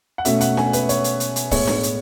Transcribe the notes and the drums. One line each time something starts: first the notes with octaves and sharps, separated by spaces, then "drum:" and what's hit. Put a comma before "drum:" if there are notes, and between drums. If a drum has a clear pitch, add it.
F#5
B2 A3 C#4 E5, drum: hi-hat
F#5, drum: hi-hat
G#5, drum: snare D4
B4, drum: hi-hat
C#5, drum: hi-hat
drum: hi-hat
drum: hi-hat
drum: hi-hat
A2 G#3 B3 C#5, drum: kick, open hi-hat
drum: snare D4
drum: hi-hat